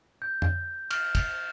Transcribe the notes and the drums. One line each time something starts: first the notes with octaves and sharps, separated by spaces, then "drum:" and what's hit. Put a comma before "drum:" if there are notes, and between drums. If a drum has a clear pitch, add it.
G6
drum: tom F2
F6, drum: cymbal
drum: kick, cymbal